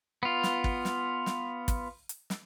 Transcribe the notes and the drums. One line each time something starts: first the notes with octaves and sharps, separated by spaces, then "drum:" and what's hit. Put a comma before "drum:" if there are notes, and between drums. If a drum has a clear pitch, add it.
B3 F4
drum: snare
drum: kick
drum: snare
drum: snare
drum: kick, hi-hat
drum: hi-hat
drum: snare